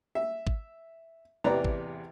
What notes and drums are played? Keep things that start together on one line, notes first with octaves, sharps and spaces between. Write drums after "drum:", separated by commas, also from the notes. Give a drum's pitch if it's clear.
E5
drum: kick G#1
A1 E2 C3 B4 D5 A#5
drum: kick G#1